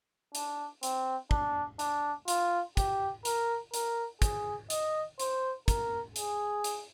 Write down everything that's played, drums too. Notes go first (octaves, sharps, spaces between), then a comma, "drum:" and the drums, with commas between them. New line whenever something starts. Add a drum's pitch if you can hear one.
D4, drum: hi-hat
C4, drum: hi-hat
D4, drum: kick
D4, drum: hi-hat
F4, drum: hi-hat
G4, drum: kick, hi-hat
A#4, drum: hi-hat
A#4, drum: hi-hat
G#4, drum: kick, hi-hat
D#5, drum: hi-hat
C5, drum: hi-hat
A#4, drum: kick, hi-hat
G#4, drum: hi-hat
drum: hi-hat